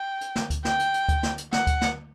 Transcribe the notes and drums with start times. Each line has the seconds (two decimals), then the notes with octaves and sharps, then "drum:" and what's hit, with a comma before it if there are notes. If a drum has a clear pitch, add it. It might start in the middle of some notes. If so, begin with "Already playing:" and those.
Already playing: G5
0.21 drum: hi-hat
0.36 drum: snare
0.50 drum: kick D2, hi-hat
0.65 G5, drum: snare
0.79 drum: hi-hat
0.94 drum: hi-hat
1.09 drum: kick D2, hi-hat
1.23 drum: snare
1.38 drum: hi-hat
1.52 F#5, drum: snare
1.67 drum: kick D2, hi-hat
1.81 drum: snare